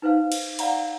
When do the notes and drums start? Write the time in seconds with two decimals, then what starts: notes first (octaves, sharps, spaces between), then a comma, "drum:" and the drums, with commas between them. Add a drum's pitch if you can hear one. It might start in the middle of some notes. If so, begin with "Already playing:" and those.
0.02 D#4 B4 C5 F5
0.32 drum: cymbal
0.59 D5 F5 F#5 A#5 B5, drum: cymbal